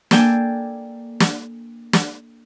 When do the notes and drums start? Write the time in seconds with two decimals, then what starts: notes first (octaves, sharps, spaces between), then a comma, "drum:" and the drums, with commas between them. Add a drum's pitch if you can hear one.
0.11 A#3 D4 A4 G5 G#5, drum: snare
1.20 drum: snare
1.93 drum: snare